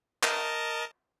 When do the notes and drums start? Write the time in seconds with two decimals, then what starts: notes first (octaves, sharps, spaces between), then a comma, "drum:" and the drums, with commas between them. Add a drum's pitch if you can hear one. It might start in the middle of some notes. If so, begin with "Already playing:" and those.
0.23 A#4 D#5 A5, drum: clap